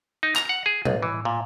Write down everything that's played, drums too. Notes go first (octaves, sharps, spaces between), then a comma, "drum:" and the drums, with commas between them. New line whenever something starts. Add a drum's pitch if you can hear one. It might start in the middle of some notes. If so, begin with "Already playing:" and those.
D#4
A#5, drum: clap
F#5
G#4
B1, drum: tom A2
E3
A#2